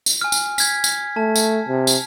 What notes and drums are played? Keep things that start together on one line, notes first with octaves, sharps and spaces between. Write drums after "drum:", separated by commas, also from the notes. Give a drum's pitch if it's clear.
drum: tambourine
G#5 F6
drum: tambourine
G#6 B6, drum: tambourine
drum: tambourine
A3 A5
drum: tambourine
C3
drum: tambourine